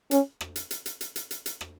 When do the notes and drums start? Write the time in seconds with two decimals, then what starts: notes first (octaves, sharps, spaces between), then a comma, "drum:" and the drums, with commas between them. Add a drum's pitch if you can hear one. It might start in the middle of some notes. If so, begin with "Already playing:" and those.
0.11 C#4, drum: hi-hat
0.41 drum: rim click
0.56 drum: hi-hat
0.71 drum: hi-hat
0.86 drum: hi-hat
1.01 drum: hi-hat
1.16 drum: hi-hat
1.31 drum: hi-hat
1.46 drum: hi-hat
1.61 drum: rim click